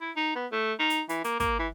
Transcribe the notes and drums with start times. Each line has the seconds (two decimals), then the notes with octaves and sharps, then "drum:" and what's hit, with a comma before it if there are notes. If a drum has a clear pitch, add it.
0.01 E4
0.16 D#4
0.36 B3
0.52 A3
0.79 D#4
0.90 drum: hi-hat
1.09 E3, drum: hi-hat
1.24 A#3, drum: hi-hat
1.40 A#3, drum: kick, hi-hat
1.59 E3